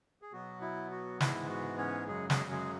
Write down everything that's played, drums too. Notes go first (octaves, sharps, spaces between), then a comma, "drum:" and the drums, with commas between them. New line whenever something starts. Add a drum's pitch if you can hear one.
G#4
B2 F#3 B3 F#4
E4
F#4
G#2 E3 G#3 B3 E4, drum: snare
F#4
C#4 C#5
F#2 C#3 F#3 G#3 G#4
G#3 G#4, drum: snare
G#3 G#4